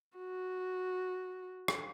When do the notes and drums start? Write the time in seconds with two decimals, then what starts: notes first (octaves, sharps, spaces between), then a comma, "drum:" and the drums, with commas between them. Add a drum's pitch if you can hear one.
0.17 F#4
1.68 drum: rim click